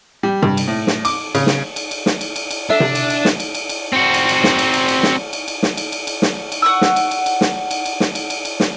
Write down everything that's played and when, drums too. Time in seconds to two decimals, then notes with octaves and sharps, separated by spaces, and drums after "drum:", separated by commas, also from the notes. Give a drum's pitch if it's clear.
0.23 G3
0.43 G2, drum: tom C3
0.57 drum: cymbal
0.68 A2
0.87 drum: snare
1.05 D6, drum: cymbal
1.35 C#3, drum: cymbal
1.47 drum: snare
1.76 drum: cymbal
1.91 drum: cymbal
2.06 drum: snare
2.21 drum: cymbal
2.36 drum: cymbal
2.51 drum: cymbal
2.70 D4 A4 E5
2.80 drum: tom C3
2.95 drum: cymbal
3.10 drum: cymbal
3.25 drum: snare
3.40 drum: cymbal
3.55 drum: cymbal
3.69 drum: cymbal
3.93 C4 F#4
4.14 drum: cymbal
4.29 drum: cymbal
4.44 drum: snare
4.59 drum: cymbal
4.73 drum: cymbal
4.88 drum: cymbal
5.03 drum: snare
5.33 drum: cymbal
5.48 drum: cymbal
5.63 drum: snare
5.77 drum: cymbal
5.92 drum: cymbal
6.07 drum: cymbal
6.22 drum: snare
6.52 drum: cymbal
6.62 F#5 C#6 E6
6.81 drum: snare
6.96 drum: cymbal
7.11 drum: cymbal
7.26 drum: cymbal
7.41 drum: snare
7.71 drum: cymbal
7.85 drum: cymbal
8.00 drum: snare
8.15 drum: cymbal
8.30 drum: cymbal
8.45 drum: cymbal
8.60 drum: snare